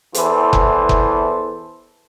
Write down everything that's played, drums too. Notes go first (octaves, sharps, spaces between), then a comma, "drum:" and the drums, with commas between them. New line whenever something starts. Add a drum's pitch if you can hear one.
E2 E3 A4 C5, drum: hi-hat
drum: kick F#1
drum: kick F#1